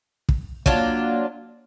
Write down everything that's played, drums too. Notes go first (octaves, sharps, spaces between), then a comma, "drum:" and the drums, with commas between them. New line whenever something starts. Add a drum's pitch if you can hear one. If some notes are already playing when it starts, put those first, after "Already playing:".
drum: kick
F#3 A#3 D4 F4, drum: kick